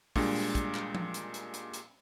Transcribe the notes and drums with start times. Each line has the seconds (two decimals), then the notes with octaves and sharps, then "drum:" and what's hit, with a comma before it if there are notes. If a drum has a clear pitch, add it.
0.16 A#2 G3 G#3 D4, drum: kick, open hi-hat
0.35 drum: open hi-hat
0.55 drum: kick, hi-hat
0.75 drum: clap
0.95 drum: tom F3
1.14 drum: hi-hat
1.34 drum: hi-hat
1.54 drum: hi-hat
1.74 drum: hi-hat